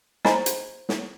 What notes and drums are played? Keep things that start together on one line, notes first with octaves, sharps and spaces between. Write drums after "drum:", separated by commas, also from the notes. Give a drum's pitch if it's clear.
C5 D#5 G#5 A#5 B5, drum: snare
drum: hi-hat
drum: snare